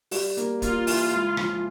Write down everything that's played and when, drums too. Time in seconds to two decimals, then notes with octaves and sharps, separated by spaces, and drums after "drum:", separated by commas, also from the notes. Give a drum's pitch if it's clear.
0.11 G3, drum: open hi-hat
0.37 A#3, drum: hi-hat
0.62 A#3 F4, drum: kick, hi-hat
0.87 E3, drum: open hi-hat
1.12 C#2
1.37 F3, drum: rim click